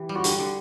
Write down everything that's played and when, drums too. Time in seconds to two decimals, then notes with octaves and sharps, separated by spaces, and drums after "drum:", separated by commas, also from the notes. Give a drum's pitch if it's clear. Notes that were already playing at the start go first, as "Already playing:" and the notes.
Already playing: E3 G4
0.09 G3
0.15 F#4
0.24 D3 G4, drum: hi-hat
0.39 D3